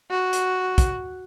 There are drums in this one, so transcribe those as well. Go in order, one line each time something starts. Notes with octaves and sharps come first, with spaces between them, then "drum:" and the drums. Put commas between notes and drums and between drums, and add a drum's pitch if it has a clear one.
F#4
drum: hi-hat
drum: kick, hi-hat